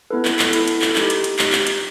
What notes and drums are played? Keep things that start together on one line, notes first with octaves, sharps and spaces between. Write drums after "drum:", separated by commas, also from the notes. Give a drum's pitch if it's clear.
B3 E4 A4 B4
drum: clap
drum: clap
B3 E4 A4, drum: hi-hat
drum: hi-hat
drum: clap
D#4 G4, drum: clap
drum: hi-hat
drum: hi-hat
D#4 G4, drum: clap
drum: clap
drum: hi-hat